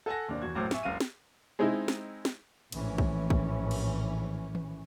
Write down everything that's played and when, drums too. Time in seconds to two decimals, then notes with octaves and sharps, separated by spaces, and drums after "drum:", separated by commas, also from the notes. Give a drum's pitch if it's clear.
0.06 A4 F#5 G#5 A5 F#6 A#6
0.29 D#2 C3 D4
0.42 E2 F#4 G#6
0.55 F#1 A2 F#3 C5 D6
0.71 E5 G#5 C#6, drum: snare
0.83 F#1 C#2 F5 D#7
1.00 drum: snare
1.59 G#3 C4 D#4 E4
1.88 drum: snare
2.25 drum: snare
2.72 A#1 A2 E3 C#4, drum: cymbal
2.98 drum: kick
3.30 drum: kick
3.71 drum: cymbal
4.55 drum: tom D#3